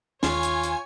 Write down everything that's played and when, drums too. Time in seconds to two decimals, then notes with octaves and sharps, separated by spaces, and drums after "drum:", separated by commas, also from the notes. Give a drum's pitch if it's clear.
0.23 D#2 F4 C#5 G#5, drum: snare
0.43 drum: hi-hat
0.64 drum: hi-hat